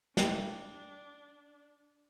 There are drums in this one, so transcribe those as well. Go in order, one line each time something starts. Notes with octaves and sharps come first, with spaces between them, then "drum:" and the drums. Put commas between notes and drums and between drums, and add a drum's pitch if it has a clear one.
D4 G5, drum: snare